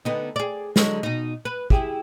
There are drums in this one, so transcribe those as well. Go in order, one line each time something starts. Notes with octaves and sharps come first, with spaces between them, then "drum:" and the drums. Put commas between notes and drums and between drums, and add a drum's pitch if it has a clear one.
D3 B3 D#4
G#4 D5
D3 F#3 G#3, drum: snare
B2 D#4
B4
E4 G4 G#4, drum: kick